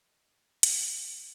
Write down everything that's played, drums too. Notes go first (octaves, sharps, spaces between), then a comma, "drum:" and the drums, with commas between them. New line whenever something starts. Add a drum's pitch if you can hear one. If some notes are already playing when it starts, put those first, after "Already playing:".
Already playing: D#5
D#3, drum: hi-hat
G#3
G3
G#3